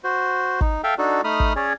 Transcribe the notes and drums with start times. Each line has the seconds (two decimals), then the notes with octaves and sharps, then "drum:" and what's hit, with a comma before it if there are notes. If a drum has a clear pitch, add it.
0.04 F#4 C5
0.61 D#4, drum: kick
0.84 A4 E5 F5 G5
0.98 D4 D#4 F#4 A4
1.24 A3 D#4 B5 D#6 F6
1.40 drum: kick
1.56 C#4 G#4 C#5 D5